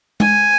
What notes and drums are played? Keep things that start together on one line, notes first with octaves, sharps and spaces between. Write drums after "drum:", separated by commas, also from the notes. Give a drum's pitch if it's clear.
G#5, drum: tom G#3